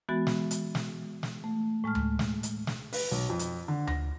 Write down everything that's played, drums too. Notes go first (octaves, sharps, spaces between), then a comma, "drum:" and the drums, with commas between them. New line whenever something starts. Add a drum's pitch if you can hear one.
E3 G#3 B3 F#4 A6
drum: snare
drum: hi-hat
drum: snare
drum: snare
A3
A2 G#3 A5 F6
drum: tom D2
drum: snare
drum: hi-hat
drum: snare
B4, drum: open hi-hat
B1
F2
drum: hi-hat
D3
A#6, drum: tom D2